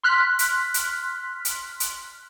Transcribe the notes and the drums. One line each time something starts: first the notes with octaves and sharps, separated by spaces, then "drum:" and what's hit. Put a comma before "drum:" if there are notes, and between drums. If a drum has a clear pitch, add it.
C6 F6 F#6 B6
drum: hi-hat
drum: hi-hat
drum: hi-hat
drum: hi-hat